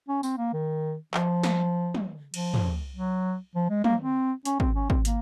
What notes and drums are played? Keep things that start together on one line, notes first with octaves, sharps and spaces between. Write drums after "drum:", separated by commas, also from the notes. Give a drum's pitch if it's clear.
C#4
C4, drum: tambourine
A#3
D#3
F3, drum: clap
drum: snare
drum: tom
F3, drum: cymbal
drum: tom
F#3
F3
G#3
A#3, drum: tom
C4
C#4, drum: hi-hat
C4, drum: kick
C#4
C4, drum: kick
A#3, drum: hi-hat